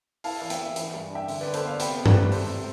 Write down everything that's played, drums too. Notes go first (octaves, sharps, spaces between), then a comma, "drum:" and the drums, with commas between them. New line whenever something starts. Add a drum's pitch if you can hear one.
E4 F5 A5, drum: open hi-hat
E3
E5 G5, drum: hi-hat
E3
E3, drum: hi-hat
G2
D4 E5 G5
D3, drum: open hi-hat
B4 D5
D3
A4 C5, drum: hi-hat
B3 D5 F5
C3 G5 B5, drum: hi-hat
B3
B4 D5, drum: tom G2
G3
C3 A4 C5, drum: open hi-hat
C3